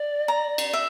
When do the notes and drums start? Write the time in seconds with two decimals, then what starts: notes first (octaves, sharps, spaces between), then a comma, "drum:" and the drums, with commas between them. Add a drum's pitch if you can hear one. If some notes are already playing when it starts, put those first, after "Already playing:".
Already playing: D5
0.28 A#5
0.58 drum: cymbal
0.73 E5